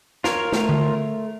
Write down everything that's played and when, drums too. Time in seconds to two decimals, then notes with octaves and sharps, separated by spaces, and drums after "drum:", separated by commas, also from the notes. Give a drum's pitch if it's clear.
0.24 F4 A#4 C#5, drum: snare
0.53 A3, drum: snare
0.69 drum: tom D3